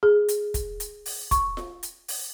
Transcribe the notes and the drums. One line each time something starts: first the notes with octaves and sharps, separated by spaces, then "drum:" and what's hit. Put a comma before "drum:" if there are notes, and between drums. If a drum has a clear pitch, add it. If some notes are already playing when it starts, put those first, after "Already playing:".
G#4
drum: hi-hat
drum: kick, hi-hat
drum: hi-hat
drum: open hi-hat
C#6, drum: kick, hi-hat
drum: snare F4
drum: hi-hat
drum: open hi-hat